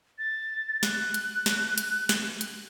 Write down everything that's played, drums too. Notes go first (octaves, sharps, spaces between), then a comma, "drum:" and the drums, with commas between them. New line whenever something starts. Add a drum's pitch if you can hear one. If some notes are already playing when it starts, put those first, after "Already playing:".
A6
F#6, drum: snare
drum: hi-hat
drum: snare
drum: hi-hat
drum: snare
drum: hi-hat